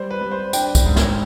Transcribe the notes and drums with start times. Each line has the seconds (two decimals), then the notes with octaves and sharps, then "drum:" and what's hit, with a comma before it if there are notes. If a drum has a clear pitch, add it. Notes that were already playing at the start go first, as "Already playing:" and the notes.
Already playing: G3 C5
0.10 B4
0.21 G3
0.31 C5
0.53 D4 G5, drum: tambourine
0.75 drum: kick, tambourine
0.86 G#2
0.96 drum: snare